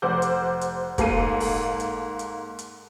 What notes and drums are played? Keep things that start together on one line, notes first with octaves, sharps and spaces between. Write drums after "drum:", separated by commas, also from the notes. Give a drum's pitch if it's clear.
F1 C5 F#5 D6 G6
drum: hi-hat
drum: hi-hat
G#2 A#3 A4 C7 D#7, drum: kick, hi-hat
drum: open hi-hat
drum: hi-hat
drum: hi-hat
drum: hi-hat